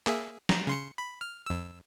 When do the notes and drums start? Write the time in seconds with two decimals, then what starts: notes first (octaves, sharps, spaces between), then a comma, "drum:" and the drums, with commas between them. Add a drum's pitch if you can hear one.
0.07 A#3 G#4 E5, drum: clap
0.49 A#5, drum: snare
0.67 C#3 C6 C#7
0.98 B5
1.21 F6
1.46 F2 E6